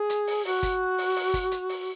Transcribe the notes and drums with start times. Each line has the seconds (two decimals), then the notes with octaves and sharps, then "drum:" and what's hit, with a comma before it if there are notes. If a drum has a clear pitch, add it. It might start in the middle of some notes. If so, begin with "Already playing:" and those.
Already playing: G#4
0.09 drum: hi-hat
0.27 drum: open hi-hat
0.45 F#4, drum: open hi-hat
0.63 drum: kick G1, hi-hat
0.98 drum: open hi-hat
1.16 drum: open hi-hat
1.34 drum: kick G1, hi-hat
1.51 drum: hi-hat
1.69 drum: open hi-hat